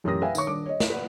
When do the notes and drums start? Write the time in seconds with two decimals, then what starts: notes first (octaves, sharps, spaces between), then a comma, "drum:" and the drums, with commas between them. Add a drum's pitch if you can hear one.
0.04 A1 F#2 G4 A#4 D#6 A#6
0.22 B4 E5 F5 G5 G#5
0.35 D#3 C#5 C#6, drum: tambourine
0.47 D#1 D4 D6
0.66 C#5 D#5
0.80 drum: snare
0.90 B4 D5 F#5